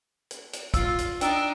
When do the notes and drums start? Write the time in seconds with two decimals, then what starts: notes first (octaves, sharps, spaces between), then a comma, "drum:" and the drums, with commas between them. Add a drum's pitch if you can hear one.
0.31 drum: hi-hat
0.53 drum: hi-hat
0.74 F4 E6, drum: kick, hi-hat
0.98 drum: hi-hat
1.21 D4 D#4 G5 E6, drum: hi-hat